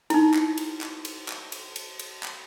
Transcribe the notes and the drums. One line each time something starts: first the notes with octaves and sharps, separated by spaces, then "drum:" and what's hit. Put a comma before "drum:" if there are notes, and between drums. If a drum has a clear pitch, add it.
D#4 E4, drum: cymbal
drum: clap
drum: cymbal
drum: clap
drum: cymbal
drum: clap
drum: cymbal
drum: cymbal
drum: cymbal
drum: clap